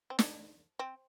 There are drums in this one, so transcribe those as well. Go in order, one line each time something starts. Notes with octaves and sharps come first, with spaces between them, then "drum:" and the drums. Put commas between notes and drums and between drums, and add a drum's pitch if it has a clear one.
C4
D4, drum: snare
C4